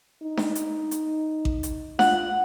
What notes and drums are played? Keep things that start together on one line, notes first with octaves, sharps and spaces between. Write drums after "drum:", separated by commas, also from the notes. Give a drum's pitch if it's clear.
D#4
drum: snare D4
drum: hi-hat
drum: hi-hat
drum: kick A1
drum: hi-hat
F4 F#5, drum: snare D4